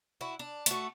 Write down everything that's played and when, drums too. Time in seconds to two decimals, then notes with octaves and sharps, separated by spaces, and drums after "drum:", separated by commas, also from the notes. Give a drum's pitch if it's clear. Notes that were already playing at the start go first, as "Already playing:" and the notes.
0.21 E4 F#4
0.39 D4
0.66 A3 F#4, drum: hi-hat